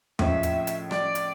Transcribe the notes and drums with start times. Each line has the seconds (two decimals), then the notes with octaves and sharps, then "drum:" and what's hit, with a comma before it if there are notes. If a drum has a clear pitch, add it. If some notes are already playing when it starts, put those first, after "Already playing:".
0.19 A2 F3 G#3 C#4 E5, drum: tom E2
0.43 drum: hi-hat
0.67 drum: hi-hat
0.91 D5, drum: rim click
1.15 drum: hi-hat